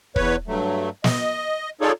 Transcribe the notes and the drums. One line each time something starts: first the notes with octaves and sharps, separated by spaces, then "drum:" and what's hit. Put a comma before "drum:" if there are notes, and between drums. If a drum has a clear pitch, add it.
E2 B4 C#5, drum: kick
G2 F#3 A3
D#5, drum: snare
D#4 F4 G#4 A4 C#5 D5